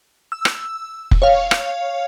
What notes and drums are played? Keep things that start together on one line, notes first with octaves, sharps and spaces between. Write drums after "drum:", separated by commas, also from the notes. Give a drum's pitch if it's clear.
E6
drum: rim click
drum: kick F1
C#5 F5
drum: rim click